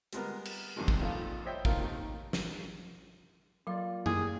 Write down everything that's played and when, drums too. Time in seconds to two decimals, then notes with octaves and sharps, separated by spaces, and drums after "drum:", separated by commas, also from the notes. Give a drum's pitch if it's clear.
0.13 G3 G#3 B3 A#4, drum: hi-hat
0.45 drum: cymbal
0.76 E2 G2 C3 D#3 G#3
0.88 drum: kick
0.99 A#1 D#3 F4 A4
1.45 C5 C#5 D#5 E5 G5
1.65 A3 A#3 D#4 F4 A#4, drum: kick
1.80 D#2 D#3 D#4
2.33 drum: snare
3.67 F#3 A#3 F4 D5 F5
4.06 A#3 E4 G4 G#4, drum: tom F#2